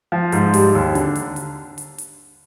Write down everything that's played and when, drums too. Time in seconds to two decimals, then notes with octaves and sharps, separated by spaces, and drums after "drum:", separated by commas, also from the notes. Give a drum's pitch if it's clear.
0.12 F3
0.32 G#2, drum: hi-hat
0.54 G3, drum: open hi-hat
0.75 D#2
0.95 D3, drum: hi-hat
1.15 drum: hi-hat
1.36 drum: hi-hat
1.78 drum: hi-hat
1.98 drum: hi-hat